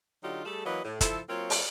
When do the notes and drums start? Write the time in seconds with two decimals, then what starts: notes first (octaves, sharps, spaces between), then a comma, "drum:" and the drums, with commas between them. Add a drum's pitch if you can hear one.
0.23 D3 F#3 D#4 F4 G4
0.45 G3 A3 G#4 A4
0.66 E3 F#3 A#3 B4 D#5
0.85 A2
1.01 F3 E4 A4, drum: kick, hi-hat
1.29 F#3 A#3 C4 F4 C#5
1.50 drum: open hi-hat